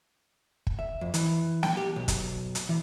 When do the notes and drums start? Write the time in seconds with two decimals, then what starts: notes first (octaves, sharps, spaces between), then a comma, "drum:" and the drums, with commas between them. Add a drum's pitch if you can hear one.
0.67 drum: kick
0.79 E5
1.01 F2
1.14 E3, drum: hi-hat
1.63 G5, drum: snare
1.77 G4
1.96 B1
2.08 drum: kick, hi-hat
2.55 drum: hi-hat
2.69 E3